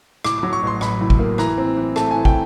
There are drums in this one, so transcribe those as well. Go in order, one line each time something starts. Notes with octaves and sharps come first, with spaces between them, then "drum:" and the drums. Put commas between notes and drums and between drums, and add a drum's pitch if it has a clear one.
A2 D6, drum: rim click
F#3 D6
C#6
A1 C6
A1 B5, drum: rim click
A2
drum: kick
A#3
E3 A#5, drum: rim click
C4
E3
A3 A5, drum: rim click
E3 G#5
G5, drum: kick